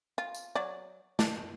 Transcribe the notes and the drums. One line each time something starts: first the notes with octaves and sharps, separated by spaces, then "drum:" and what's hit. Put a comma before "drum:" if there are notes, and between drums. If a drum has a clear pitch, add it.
F4
drum: tambourine
F#3 D5
D4, drum: snare